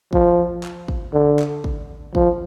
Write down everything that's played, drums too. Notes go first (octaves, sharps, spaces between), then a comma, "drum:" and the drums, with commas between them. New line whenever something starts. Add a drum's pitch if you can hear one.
F3, drum: kick
drum: clap
drum: kick
D3
drum: clap
drum: kick
F3, drum: kick